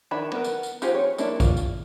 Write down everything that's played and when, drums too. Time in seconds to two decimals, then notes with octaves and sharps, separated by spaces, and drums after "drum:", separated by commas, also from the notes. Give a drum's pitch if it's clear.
0.11 D#3 D4 E4 B5
0.32 B3 A#4
0.44 drum: tambourine
0.63 drum: tambourine
0.82 D#4 F4 G4 G#4 C5, drum: tambourine
0.95 C#5
1.18 A#3 C#4 D4 E4, drum: tambourine
1.40 F4, drum: kick, tambourine
1.57 drum: tambourine